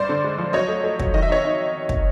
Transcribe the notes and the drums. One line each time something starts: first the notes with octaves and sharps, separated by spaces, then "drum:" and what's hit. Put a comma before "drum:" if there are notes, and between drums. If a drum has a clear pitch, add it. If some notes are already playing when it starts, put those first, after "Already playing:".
Already playing: G2 C5 D5
D3
G#3
F3
F#3 C#5 D#5
A3
A3
F#3, drum: kick
D#3 D#5
E5
D#4 C#5 D#5
D#4
drum: kick